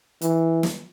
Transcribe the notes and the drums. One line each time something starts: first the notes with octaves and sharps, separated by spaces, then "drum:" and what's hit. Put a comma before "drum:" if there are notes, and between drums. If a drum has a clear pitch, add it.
E3, drum: hi-hat
drum: snare